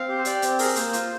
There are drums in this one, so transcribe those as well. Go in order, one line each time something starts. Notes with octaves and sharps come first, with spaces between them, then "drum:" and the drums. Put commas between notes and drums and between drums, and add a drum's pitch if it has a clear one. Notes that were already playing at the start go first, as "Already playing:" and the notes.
Already playing: C4 F5
G4
C5
G4 D5, drum: hi-hat
C4, drum: hi-hat
G#4 A#4, drum: open hi-hat
A#3 C5, drum: hi-hat
F4, drum: hi-hat